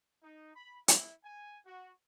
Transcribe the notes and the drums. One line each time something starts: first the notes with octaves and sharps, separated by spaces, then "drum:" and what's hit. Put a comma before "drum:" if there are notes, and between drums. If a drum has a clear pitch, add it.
D#4
B5
E4, drum: hi-hat
G#5
F#4